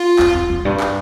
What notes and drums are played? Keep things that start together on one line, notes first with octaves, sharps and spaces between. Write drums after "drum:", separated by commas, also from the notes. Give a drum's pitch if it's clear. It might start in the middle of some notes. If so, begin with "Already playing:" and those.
Already playing: F4
F2, drum: clap
F2
F2
G2
drum: clap